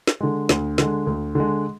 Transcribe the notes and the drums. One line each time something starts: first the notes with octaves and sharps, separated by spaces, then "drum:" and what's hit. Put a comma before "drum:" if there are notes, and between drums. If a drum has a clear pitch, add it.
drum: snare
D3 G#3
D2, drum: snare
D3 G#3, drum: snare
D2
D3 G#3